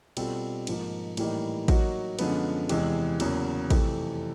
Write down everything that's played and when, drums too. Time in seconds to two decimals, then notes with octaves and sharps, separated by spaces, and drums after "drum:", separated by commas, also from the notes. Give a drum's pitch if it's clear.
0.17 B2 G3 C4 F4 A4, drum: cymbal
0.67 G#2 F3 A#3, drum: cymbal
1.17 A2 E3 G3 A#3 D#4, drum: cymbal
1.68 F#3 A#3 D#4 F#4, drum: kick A1, cymbal
2.19 F#2 D3 F3 G#3 B3, drum: cymbal
2.69 E2 C3 E3 G#3, drum: cymbal
3.20 E2 C#3 F#3 A#3, drum: cymbal
3.70 F2 C3 E3 A3, drum: kick A1, cymbal